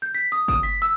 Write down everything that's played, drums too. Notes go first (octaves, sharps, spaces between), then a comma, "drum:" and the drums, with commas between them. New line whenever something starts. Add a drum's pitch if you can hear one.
G6
B6
D#6
D#6, drum: kick F#1
B6
E6